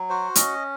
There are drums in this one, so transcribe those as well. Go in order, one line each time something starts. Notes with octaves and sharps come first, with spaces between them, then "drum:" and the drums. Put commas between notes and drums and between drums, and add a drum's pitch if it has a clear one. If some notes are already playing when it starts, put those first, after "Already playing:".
Already playing: F#3
F#4 C5
C#4 D#5, drum: hi-hat